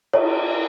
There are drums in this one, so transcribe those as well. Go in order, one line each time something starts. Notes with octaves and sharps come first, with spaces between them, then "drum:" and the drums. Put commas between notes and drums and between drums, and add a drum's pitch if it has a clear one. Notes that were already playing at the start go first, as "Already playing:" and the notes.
C#5, drum: cymbal